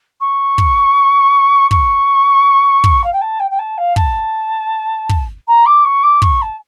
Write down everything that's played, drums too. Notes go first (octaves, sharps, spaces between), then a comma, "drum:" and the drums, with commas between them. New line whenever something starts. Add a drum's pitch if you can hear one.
C#6
drum: kick
C#6, drum: kick
drum: kick
F5
G5
A5
G5
G5
A5
F5
A5, drum: kick
drum: kick
A#5
D6
C#6
D6
C#6, drum: kick
A5